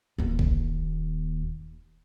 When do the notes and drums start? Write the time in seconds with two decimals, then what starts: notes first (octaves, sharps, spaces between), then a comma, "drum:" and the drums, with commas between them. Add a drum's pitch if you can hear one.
0.18 D#1 D#2
0.39 drum: kick A#1